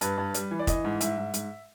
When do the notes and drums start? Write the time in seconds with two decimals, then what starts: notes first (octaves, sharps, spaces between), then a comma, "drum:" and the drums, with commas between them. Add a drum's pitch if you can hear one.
0.01 G2 B4, drum: hi-hat
0.18 G2
0.34 G3, drum: hi-hat
0.51 E3
0.59 D5
0.67 E3 D#5, drum: kick, hi-hat
0.85 G#2
1.01 G#2 E5, drum: hi-hat
1.17 G#2
1.34 G#2, drum: hi-hat